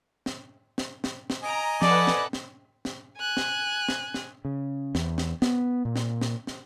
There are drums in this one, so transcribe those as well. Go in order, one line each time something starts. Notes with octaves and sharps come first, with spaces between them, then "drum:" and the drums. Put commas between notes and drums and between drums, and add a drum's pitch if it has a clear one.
drum: snare
drum: snare
drum: snare
drum: snare
D#5 G#5 A#5 D7
F3 A4 B4 D5 F#5, drum: snare
drum: snare
drum: snare
drum: snare
G#5 F#6
drum: snare
drum: snare
drum: snare
C#3
E2, drum: snare
drum: snare
B3, drum: snare
A#2
drum: snare
drum: snare
drum: snare